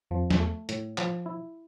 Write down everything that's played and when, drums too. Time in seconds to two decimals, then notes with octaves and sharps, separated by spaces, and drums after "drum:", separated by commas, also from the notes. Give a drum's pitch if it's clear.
0.11 F2 F3
0.30 E2, drum: snare
0.40 A3
0.69 A2, drum: hi-hat
0.98 F3, drum: clap
1.26 E4